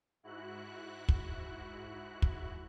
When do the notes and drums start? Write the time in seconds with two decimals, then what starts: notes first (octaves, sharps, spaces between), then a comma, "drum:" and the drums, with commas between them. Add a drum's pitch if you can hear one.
0.23 G#2 E4 F#4 F#6
1.09 drum: kick
2.22 drum: kick